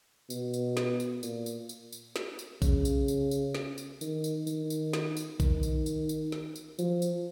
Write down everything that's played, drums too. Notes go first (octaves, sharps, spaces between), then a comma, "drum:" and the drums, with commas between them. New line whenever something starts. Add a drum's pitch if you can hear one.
B2, drum: tambourine
drum: tambourine
drum: snare
drum: tambourine
A#2, drum: tambourine
drum: tambourine
drum: tambourine
drum: tambourine
drum: snare
drum: tambourine
C#3, drum: kick A#1, tambourine
drum: tambourine
drum: tambourine
drum: tambourine
drum: snare
drum: tambourine
D#3, drum: tambourine
drum: tambourine
D#3, drum: tambourine
drum: tambourine
drum: snare
drum: tambourine
D#3, drum: kick A#1, tambourine
drum: tambourine
drum: tambourine
drum: tambourine
drum: snare
drum: tambourine
F3, drum: tambourine
drum: tambourine